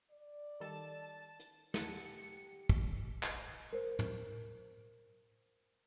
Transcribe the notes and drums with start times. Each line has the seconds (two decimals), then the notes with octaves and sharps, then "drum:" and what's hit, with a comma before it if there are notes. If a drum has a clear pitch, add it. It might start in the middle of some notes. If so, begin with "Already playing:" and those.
0.12 D5
0.60 D#3 G3 A4 A5
1.40 drum: hi-hat
1.74 G4 F#5 G#5 A5 C#7, drum: snare
2.69 drum: kick
3.23 drum: clap
3.73 A#4 C5
3.99 drum: tom